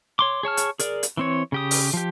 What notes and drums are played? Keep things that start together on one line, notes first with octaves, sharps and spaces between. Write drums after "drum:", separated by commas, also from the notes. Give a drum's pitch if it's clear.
C#5 C6 D6
G#4 C#5 A5 F6
drum: hi-hat
G#4 A#4 D5, drum: hi-hat
drum: hi-hat
E3 C4 C#5
C#3 G4 D#6
drum: open hi-hat
F3 G4